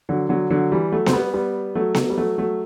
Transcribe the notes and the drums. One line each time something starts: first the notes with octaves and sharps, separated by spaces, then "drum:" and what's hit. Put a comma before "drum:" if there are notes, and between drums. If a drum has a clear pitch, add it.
D3 F#3
D3 F#3
D3 F#3
E3 G3
F#3 A3
C4, drum: snare B3
G3 B3
G3 B3
F#3 A3
drum: snare B3
G3
F#3 A3
F#3 A3